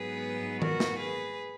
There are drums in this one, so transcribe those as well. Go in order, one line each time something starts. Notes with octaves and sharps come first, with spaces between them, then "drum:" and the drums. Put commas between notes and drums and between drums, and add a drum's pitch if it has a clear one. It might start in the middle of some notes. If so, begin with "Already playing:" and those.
Already playing: G#2 F#3 B3 G#4 B4
F#4 A#4, drum: tom D#3
drum: snare
G#4 B4